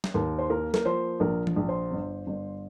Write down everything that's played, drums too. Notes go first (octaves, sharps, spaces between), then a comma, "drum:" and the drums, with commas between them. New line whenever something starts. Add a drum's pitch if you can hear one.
drum: snare
D#2 A#4
C5
A#3 A#4
A#4, drum: snare
F3 C5
A#1 A#4
drum: tom E3
A#1
C5
G1
G1